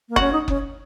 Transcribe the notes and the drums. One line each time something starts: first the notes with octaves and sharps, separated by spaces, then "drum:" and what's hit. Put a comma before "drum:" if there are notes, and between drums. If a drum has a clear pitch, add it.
A#3
C#4 F#4, drum: kick F#1
D#4
C#4, drum: kick F#1